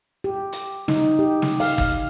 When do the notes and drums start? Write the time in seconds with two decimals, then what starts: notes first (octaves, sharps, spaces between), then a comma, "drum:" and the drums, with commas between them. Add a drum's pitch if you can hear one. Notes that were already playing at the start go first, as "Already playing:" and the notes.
0.24 G4
0.52 drum: hi-hat
0.88 D#4, drum: snare
1.19 G4
1.42 drum: snare
1.60 F5, drum: open hi-hat
1.78 drum: kick